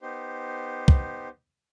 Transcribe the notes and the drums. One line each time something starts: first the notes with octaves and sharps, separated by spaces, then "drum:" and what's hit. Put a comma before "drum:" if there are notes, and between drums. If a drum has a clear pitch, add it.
B3 D#4 G4 C5
drum: kick